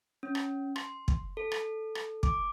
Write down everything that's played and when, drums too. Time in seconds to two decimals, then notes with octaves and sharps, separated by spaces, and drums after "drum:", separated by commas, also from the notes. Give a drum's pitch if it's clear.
0.23 C#4
0.35 drum: rim click
0.76 C6, drum: rim click
1.08 drum: kick
1.37 A4
1.52 drum: rim click
1.95 drum: rim click
2.23 D6, drum: kick